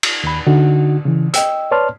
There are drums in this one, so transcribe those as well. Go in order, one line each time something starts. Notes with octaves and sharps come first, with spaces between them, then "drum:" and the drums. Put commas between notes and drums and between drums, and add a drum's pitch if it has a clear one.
drum: cymbal
D#2 B5
D3 D#4 F#4
C#3 E3
D#5 G5 E6, drum: hi-hat
B4 C#5 D5 A5 C6 F6